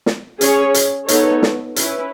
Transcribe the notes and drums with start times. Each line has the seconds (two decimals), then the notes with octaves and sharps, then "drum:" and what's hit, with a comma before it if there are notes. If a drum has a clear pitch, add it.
0.06 drum: snare
0.41 C#4 G#4 C#5, drum: hi-hat
0.74 drum: hi-hat
1.08 B3 D#4 A4 C#5, drum: hi-hat
1.43 drum: snare
1.76 C#4 E4 B4, drum: hi-hat